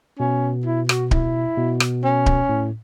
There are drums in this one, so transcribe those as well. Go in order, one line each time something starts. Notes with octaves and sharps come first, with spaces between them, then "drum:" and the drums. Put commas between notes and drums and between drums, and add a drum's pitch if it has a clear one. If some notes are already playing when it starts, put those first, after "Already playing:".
B2 C#4
E4
F#4, drum: rim click
E4, drum: kick D1
B2
drum: rim click
C#4
drum: kick D1
A2